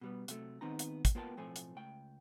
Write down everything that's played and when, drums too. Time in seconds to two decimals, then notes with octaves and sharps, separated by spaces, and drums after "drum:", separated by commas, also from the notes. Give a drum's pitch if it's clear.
0.01 B2 G3 B3
0.28 C3 F#3 A3, drum: hi-hat
0.61 D#3 B3 C4 D#4 A#5
0.79 drum: hi-hat
1.05 drum: kick, hi-hat
1.15 A#3 B3 F4 A#4 G5 A5
1.37 B1 A2 F3 A3 C4 G#5
1.56 drum: hi-hat
1.76 C#2 A3 G5